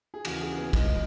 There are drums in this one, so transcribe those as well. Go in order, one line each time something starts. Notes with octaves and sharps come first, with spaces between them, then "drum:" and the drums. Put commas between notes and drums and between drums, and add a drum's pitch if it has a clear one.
G#4
D#2 C#3 E3 F#4, drum: cymbal
G#4
B3
C#2 B2 G#3, drum: kick, cymbal